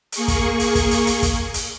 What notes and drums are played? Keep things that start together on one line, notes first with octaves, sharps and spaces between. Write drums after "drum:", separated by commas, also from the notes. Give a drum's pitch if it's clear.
A#3 G#4 C#6, drum: hi-hat
drum: kick, hi-hat
drum: hi-hat
drum: kick, hi-hat
drum: hi-hat
drum: hi-hat
drum: kick, hi-hat
drum: hi-hat